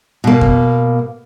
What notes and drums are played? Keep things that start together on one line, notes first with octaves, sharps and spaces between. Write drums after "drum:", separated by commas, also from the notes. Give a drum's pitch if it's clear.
B2 A#3
drum: kick F2